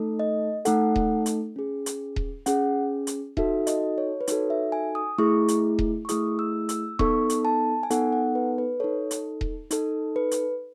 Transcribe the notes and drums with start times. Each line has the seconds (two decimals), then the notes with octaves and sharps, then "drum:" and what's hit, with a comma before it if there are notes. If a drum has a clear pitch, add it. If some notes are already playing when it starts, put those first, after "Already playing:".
Already playing: A3 D#4 A4
0.19 D#5
0.65 A3 D#4 A4 F#5, drum: hi-hat
0.96 drum: kick D#1
1.26 drum: hi-hat
1.56 C#4 G#4
1.86 drum: hi-hat
2.16 drum: kick D#1
2.46 C#4 G#4 F#5, drum: hi-hat
3.07 drum: hi-hat
3.37 D#4 F#4 A4 E5, drum: kick D#1
3.67 D#5, drum: hi-hat
3.98 C#5
4.21 B4
4.27 D#4 F#4 A4 C#5, drum: hi-hat
4.50 E5
4.72 G#5
4.95 D#6
5.18 A3 E4 G#4 C#6
5.48 drum: hi-hat
5.79 drum: kick D#1
6.05 C#6
6.09 A3 E4 G#4 D#6, drum: hi-hat
6.39 E6
6.69 E6, drum: hi-hat
6.99 B3 D#4 A4 C#6, drum: kick D#1
7.30 drum: hi-hat
7.45 A5
7.83 G#5
7.91 B3 D#4 A4 F#5, drum: hi-hat
8.13 F#5
8.35 B4
8.58 B4
8.80 D#4 A4 C#5
9.11 drum: hi-hat
9.41 drum: kick D#1
9.71 D#4 A4, drum: hi-hat
10.16 B4
10.31 drum: hi-hat